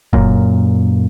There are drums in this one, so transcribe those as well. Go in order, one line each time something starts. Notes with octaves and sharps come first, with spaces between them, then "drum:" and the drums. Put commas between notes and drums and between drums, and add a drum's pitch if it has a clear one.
F#2 A#2, drum: kick F1